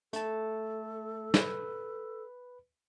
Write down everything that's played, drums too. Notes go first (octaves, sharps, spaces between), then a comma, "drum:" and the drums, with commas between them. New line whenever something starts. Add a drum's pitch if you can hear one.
A3 A4 A5, drum: hi-hat
B4, drum: snare